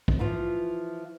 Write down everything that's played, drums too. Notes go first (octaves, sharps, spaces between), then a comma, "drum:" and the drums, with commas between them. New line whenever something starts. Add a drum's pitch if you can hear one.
drum: kick
E3 F3 F4